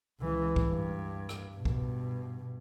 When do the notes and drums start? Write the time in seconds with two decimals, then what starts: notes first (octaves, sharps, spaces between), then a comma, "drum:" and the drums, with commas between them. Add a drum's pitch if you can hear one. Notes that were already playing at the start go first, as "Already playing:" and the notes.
0.20 C#2 E3
0.56 drum: kick C2
0.68 G2
1.29 drum: rim click
1.55 G2 B2
1.65 drum: kick C2